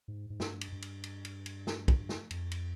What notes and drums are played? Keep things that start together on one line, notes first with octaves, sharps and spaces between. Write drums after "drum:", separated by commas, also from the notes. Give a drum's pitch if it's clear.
G#2
G#2
G2, drum: snare
drum: cymbal
G2
drum: cymbal
drum: cymbal
drum: cymbal
drum: cymbal
drum: snare
drum: kick, cymbal
drum: snare
F2, drum: cymbal
drum: cymbal